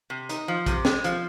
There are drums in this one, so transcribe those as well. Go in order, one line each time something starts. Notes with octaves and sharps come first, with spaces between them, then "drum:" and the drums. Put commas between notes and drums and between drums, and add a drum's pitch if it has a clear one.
C3
D#4, drum: hi-hat
F3
C3, drum: kick, hi-hat
G#3, drum: snare C4
F3, drum: hi-hat